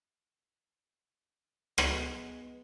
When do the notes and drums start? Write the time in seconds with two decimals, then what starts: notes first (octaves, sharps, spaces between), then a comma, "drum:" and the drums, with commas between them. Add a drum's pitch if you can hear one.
1.78 G#3 B3, drum: rim click